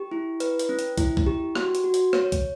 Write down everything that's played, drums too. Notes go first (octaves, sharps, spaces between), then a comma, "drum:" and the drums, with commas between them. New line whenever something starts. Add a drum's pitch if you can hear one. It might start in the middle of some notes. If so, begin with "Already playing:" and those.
Already playing: G4
E4
B4, drum: hi-hat
drum: hi-hat
C#4
drum: hi-hat
E4, drum: kick, hi-hat
drum: kick
G4
F#4, drum: rim click
drum: hi-hat
F#4
drum: hi-hat
C#5, drum: rim click
drum: kick, hi-hat